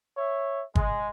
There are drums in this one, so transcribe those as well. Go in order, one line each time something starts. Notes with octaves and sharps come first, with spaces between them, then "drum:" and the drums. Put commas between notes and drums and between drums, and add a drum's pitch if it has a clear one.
C#5 E5
G#3, drum: kick G1